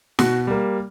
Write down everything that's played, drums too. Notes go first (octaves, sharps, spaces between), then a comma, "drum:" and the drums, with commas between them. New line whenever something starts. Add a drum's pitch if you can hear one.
B2 F#4, drum: snare
G3 A#3